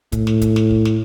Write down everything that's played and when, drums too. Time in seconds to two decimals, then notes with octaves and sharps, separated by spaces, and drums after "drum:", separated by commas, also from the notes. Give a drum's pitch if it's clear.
0.12 A2, drum: kick, hi-hat
0.27 drum: snare
0.42 drum: kick, hi-hat
0.56 drum: snare
0.71 drum: kick
0.85 drum: snare